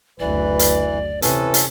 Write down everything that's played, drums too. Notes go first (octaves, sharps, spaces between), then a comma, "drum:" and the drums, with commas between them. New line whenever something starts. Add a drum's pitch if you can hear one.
F#1 D2 E3 B4 D5
drum: hi-hat
C3 E3 C#4 A4 B4, drum: hi-hat
drum: hi-hat